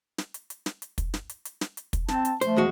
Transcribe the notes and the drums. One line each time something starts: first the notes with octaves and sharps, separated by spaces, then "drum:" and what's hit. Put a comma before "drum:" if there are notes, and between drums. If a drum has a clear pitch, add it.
drum: snare
drum: hi-hat
drum: hi-hat
drum: snare
drum: hi-hat
drum: kick, hi-hat
drum: snare
drum: hi-hat
drum: hi-hat
drum: snare
drum: hi-hat
drum: kick, hi-hat
C4 A5, drum: snare
drum: hi-hat
F3 A3 C5, drum: hi-hat
E2 G#3 F#4